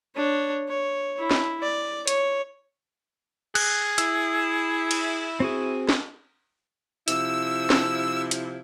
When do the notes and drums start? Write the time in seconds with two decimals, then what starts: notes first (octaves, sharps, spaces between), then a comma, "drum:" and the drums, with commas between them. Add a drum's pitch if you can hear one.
0.16 D4 C#5
0.69 C#5
1.19 E4
1.31 drum: snare
1.63 D5
2.07 C#5, drum: hi-hat
3.55 G#4 F#6, drum: cymbal
3.98 E4 E6, drum: hi-hat
4.91 drum: cymbal
5.40 C4 F#4 G#4
5.89 drum: snare
7.08 C3 F3 E4 E6, drum: hi-hat
7.70 drum: snare
8.31 drum: hi-hat